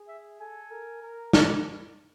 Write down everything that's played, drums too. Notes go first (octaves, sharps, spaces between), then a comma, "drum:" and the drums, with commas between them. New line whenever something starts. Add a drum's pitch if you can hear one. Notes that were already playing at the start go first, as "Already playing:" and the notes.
Already playing: G#4
E5
A4 G#5
A#4
A#4
B4, drum: snare